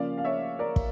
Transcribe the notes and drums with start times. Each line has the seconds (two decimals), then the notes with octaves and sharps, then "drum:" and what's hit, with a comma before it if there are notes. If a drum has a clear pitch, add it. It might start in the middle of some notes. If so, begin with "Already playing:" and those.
Already playing: C#3 F3 A#3 C#4 D5 F5
0.18 F5
0.24 C#5 E5
0.59 A#4 D5
0.76 drum: kick